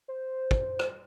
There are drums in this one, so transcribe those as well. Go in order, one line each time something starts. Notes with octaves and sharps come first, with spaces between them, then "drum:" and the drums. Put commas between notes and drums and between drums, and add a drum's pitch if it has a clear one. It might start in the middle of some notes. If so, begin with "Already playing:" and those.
C5
drum: kick
drum: rim click